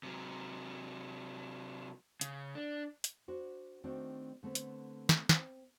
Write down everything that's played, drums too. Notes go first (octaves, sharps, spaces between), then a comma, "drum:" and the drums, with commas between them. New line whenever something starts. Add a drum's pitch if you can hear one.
C3 F#3
C#3, drum: hi-hat
D4
drum: hi-hat
D4 F#4 C5
D#3 A3 C4 D4 F#4
D3 A3 B3 C4
drum: hi-hat
drum: snare
C4, drum: snare